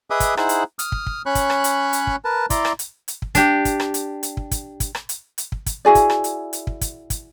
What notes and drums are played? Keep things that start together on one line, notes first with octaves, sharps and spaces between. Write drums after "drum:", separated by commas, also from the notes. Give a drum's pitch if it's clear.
G#4 B4 D#5 E5 D6 D#6
drum: kick, hi-hat
D#4 E4 G#4 C5 F#5, drum: rim click
drum: hi-hat
D#6 F6, drum: hi-hat
drum: kick
drum: kick
C#4 C#5 B5 C#6 F#6
drum: kick, hi-hat
drum: rim click
drum: hi-hat
drum: hi-hat
drum: kick
A#4 B4 A5
E4 D5 A#5 C6 D6, drum: kick, hi-hat
drum: rim click
drum: hi-hat
drum: hi-hat
drum: kick
D4 G4, drum: kick, hi-hat
drum: kick, hi-hat
drum: rim click
drum: hi-hat
drum: hi-hat
drum: kick
drum: kick, hi-hat
drum: kick, hi-hat
drum: rim click
drum: hi-hat
drum: hi-hat
drum: kick
drum: kick, hi-hat
E4 F#4 G#4 D5
drum: kick, hi-hat
drum: rim click
drum: hi-hat
drum: hi-hat
drum: kick
drum: kick, hi-hat
drum: kick, hi-hat